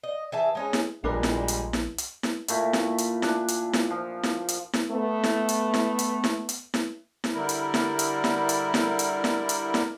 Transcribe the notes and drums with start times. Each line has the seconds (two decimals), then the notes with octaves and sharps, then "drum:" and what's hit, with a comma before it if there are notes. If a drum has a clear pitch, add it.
0.03 D#5
0.32 E3 G#4 E5 A5
0.55 G#3 C#4 D#4
0.73 drum: snare E4
1.04 A#1 A#2 G3 G#3 D4 A#4 B4
1.23 drum: snare E4
1.48 drum: hi-hat
1.73 drum: snare E4
1.98 drum: hi-hat
2.23 drum: snare E4
2.48 A#2 A3 E4, drum: hi-hat
2.73 drum: snare E4
2.98 drum: hi-hat
3.22 D4 G#5, drum: snare E4
3.48 drum: hi-hat
3.73 drum: snare E4
3.90 F3
4.23 drum: snare E4
4.48 drum: hi-hat
4.73 drum: snare E4
4.91 A3 B3
5.24 drum: snare E4
5.49 drum: hi-hat
5.74 drum: snare E4
5.99 drum: hi-hat
6.24 drum: snare E4
6.49 drum: hi-hat
6.74 drum: snare E4
7.24 drum: snare E4
7.34 D3 G3 E4 A#4
7.49 drum: hi-hat
7.74 drum: snare E4
7.99 drum: hi-hat
8.24 drum: snare E4
8.49 drum: hi-hat
8.74 drum: snare E4
8.99 drum: hi-hat
9.24 drum: snare E4
9.49 drum: hi-hat
9.74 drum: snare E4